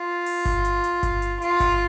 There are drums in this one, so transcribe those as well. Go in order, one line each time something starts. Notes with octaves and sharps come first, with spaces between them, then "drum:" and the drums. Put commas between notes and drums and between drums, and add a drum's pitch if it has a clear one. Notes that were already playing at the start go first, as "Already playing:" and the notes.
Already playing: F4
drum: open hi-hat
drum: kick G1, hi-hat
drum: hi-hat
drum: hi-hat
drum: kick G1, hi-hat
drum: hi-hat
F4, drum: hi-hat
drum: kick G1, hi-hat